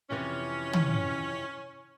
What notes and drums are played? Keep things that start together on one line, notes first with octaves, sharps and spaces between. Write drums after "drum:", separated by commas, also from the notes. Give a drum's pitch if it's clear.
F2 C3 E3 C#4
drum: tom